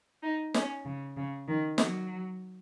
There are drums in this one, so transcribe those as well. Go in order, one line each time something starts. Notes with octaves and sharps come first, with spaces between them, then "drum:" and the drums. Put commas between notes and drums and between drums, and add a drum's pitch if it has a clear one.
D#4
C#4, drum: snare
C#3
C#3
D#3
F#3, drum: snare